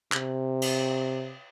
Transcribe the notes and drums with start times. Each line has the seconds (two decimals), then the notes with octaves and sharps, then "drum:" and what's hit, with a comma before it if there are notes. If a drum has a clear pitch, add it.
0.12 C3, drum: clap
0.62 drum: cymbal